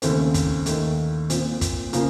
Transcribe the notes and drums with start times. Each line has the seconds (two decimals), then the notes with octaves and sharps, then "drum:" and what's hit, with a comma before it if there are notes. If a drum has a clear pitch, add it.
0.02 D#2 C#3 A3 C4, drum: hi-hat
0.34 drum: kick, hi-hat
0.66 D#2 D#3 A3, drum: hi-hat
1.30 A#2 F3 C4 F4, drum: hi-hat
1.61 drum: kick, hi-hat
1.93 C#3 F3 A#3, drum: hi-hat